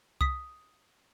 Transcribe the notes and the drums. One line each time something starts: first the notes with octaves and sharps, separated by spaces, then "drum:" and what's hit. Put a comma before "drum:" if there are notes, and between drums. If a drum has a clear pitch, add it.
D#6 B6, drum: kick C2